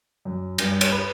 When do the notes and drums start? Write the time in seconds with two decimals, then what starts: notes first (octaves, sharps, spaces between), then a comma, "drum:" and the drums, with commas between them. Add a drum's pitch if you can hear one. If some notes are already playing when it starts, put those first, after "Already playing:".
0.25 F#2
0.58 G2, drum: cymbal
0.81 C#5, drum: cymbal
0.92 B4